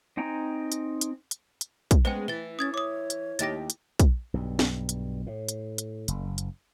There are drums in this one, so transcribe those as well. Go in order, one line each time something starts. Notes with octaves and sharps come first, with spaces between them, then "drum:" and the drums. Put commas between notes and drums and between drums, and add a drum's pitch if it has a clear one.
C4 D#4 G5 G#5 A#5
drum: hi-hat
drum: hi-hat
drum: hi-hat
drum: hi-hat
drum: kick, hi-hat
G#3 B3 C#4 C5 G5
E3 A6 G7
C#4 D#6 G#6 A6
C#5 D6 D#6
drum: hi-hat
D#2 D#4 G4 A6 A#6, drum: hi-hat
drum: hi-hat
drum: kick, hi-hat
B1 G2
drum: snare
drum: hi-hat
A2
drum: hi-hat
drum: hi-hat
F#1, drum: hi-hat
drum: hi-hat